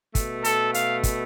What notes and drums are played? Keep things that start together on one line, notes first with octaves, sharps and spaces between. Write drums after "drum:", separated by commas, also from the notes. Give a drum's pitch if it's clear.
B2 A3, drum: kick, hi-hat
A4, drum: hi-hat
F5, drum: hi-hat
drum: kick, hi-hat